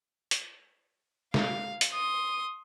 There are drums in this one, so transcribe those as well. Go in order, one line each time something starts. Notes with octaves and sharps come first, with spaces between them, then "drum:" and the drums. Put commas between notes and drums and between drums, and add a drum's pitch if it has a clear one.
drum: hi-hat
F5, drum: snare
drum: hi-hat
C6 D#6